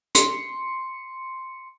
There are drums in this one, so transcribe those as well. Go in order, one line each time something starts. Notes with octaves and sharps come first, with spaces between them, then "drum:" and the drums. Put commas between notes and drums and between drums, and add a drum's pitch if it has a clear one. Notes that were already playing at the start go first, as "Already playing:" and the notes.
C6 C#7, drum: hi-hat